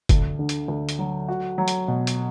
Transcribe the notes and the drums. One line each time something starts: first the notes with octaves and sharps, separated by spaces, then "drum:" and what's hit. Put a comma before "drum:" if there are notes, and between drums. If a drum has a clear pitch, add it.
D2, drum: kick F#1, hi-hat
D3
drum: hi-hat
D2
drum: hi-hat
F#3
F#4
F#3
drum: hi-hat
B2
drum: hi-hat